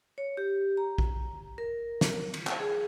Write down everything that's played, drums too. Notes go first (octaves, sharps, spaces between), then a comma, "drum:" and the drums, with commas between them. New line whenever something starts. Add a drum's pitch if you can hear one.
C#5
G4
A#5
drum: kick A#1
A#4
drum: snare
drum: cymbal
drum: clap
G#4